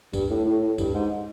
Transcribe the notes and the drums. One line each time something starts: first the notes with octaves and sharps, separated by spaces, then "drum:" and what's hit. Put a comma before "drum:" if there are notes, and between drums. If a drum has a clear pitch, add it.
G2, drum: kick, tambourine
A2
A2
A2
G2, drum: kick, tambourine
G#2